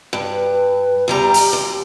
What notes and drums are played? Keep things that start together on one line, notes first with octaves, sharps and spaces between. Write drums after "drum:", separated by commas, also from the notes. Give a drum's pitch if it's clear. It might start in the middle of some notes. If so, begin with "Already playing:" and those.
G2
B4
E2 G3 G4 A#5
drum: open hi-hat
D#2